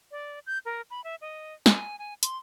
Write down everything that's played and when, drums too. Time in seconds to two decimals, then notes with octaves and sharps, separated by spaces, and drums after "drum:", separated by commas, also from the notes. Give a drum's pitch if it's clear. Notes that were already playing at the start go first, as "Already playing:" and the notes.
0.11 D5
0.47 G6
0.65 A#4
0.90 B5
1.04 E5
1.21 D#5
1.66 G#5, drum: snare
1.99 G#5
2.23 C6, drum: hi-hat